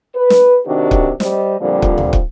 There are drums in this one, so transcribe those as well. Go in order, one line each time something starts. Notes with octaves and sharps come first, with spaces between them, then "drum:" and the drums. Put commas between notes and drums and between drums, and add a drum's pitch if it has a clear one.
B4
drum: snare
C3 D#3 D4 F#4 G4
drum: kick
G3 C5 D#5, drum: snare
F2 A#2 D3 F3 G3
drum: kick
drum: tom D2
drum: kick